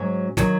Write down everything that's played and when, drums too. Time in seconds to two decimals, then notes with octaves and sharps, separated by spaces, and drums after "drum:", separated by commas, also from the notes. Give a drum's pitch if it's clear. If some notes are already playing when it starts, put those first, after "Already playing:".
Already playing: G#2 F#3 C#4
0.37 D#3 F#3, drum: snare